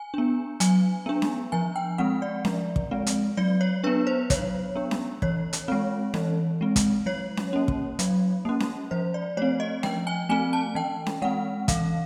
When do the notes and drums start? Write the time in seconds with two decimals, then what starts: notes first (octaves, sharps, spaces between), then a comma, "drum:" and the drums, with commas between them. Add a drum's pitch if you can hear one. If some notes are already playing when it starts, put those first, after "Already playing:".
Already playing: G#5
0.14 B3 D4
0.60 F#3 G#5, drum: hi-hat
1.06 B3 D4
1.22 drum: snare C#4
1.52 F3 G#5
1.76 G5
1.98 G#3 C4 F#5
2.22 D5
2.45 F3, drum: snare C#4
2.76 drum: kick
2.91 G#3 C4
3.07 drum: hi-hat
3.37 F#3 D5
3.61 C#5
3.84 B3 D4 B4
4.07 C5
4.30 F#3 C#5, drum: kick, hi-hat
4.75 B3 D4
4.91 drum: snare C#4
5.22 E3 C#5, drum: kick
5.53 drum: hi-hat
5.68 G#3 C4
6.14 E3, drum: snare C#4
6.61 G#3 C4
6.76 drum: kick, hi-hat
7.06 F#3 C#5
7.37 drum: snare C#4
7.53 A#3 C#4
7.68 drum: kick
7.99 F#3, drum: hi-hat
8.45 A#3 C#4
8.60 drum: snare C#4
8.91 F3 C5
9.14 D5
9.37 A3 C4 C#5
9.60 D#5
9.83 F3 G5, drum: snare C#4
10.07 G#5
10.29 A3 C4 G#5
10.53 A5
10.75 E3 G5
11.06 drum: snare C#4
11.22 G#3 C4 F#5
11.68 E3 F5, drum: kick, hi-hat